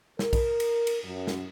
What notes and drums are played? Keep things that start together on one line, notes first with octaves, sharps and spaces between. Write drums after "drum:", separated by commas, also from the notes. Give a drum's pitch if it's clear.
A#4, drum: snare
drum: kick, cymbal
drum: cymbal
drum: cymbal
F#2
drum: snare